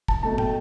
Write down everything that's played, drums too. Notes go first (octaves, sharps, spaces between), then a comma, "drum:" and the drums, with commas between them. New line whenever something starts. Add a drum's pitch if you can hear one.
A5, drum: kick
B2 A3 A5
G5, drum: tom